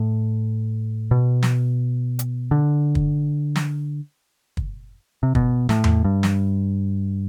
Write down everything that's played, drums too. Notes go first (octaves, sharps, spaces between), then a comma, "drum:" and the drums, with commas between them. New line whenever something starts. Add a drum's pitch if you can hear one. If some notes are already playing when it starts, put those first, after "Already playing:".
Already playing: A2
B2
drum: snare
drum: hi-hat
D3
drum: kick
drum: snare
drum: kick
C3
B2, drum: kick
A2, drum: snare
drum: tom E2
G2
drum: snare